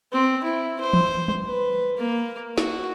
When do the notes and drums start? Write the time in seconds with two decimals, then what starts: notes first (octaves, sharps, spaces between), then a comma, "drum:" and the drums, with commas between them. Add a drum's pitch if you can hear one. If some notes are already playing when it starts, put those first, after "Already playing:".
0.12 C4
0.44 E4
0.80 C5
0.93 drum: tom E3
1.28 drum: tom
1.46 B4
1.97 A#3
2.58 F#4, drum: snare